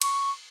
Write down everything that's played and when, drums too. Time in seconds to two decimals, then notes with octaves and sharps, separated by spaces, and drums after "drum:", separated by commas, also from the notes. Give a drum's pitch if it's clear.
0.02 C#6, drum: cymbal